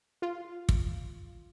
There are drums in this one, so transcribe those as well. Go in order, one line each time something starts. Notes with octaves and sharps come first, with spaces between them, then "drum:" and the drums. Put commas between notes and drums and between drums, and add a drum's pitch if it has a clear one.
F4
drum: kick